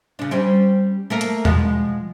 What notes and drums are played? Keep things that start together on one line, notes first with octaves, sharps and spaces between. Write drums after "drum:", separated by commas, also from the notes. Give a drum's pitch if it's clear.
C#3 D4
G3 C4 C#4
A3 A#3 A#4
drum: hi-hat
B2 F3 G#3, drum: tom E2